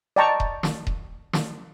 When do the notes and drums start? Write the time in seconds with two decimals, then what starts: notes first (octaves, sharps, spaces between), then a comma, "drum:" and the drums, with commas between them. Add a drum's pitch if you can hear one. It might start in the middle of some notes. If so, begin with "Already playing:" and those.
0.16 D5 D#5 G5 A5 A#5 C#6
0.40 drum: kick D#1
0.63 drum: snare
0.87 drum: kick D#1
1.33 drum: snare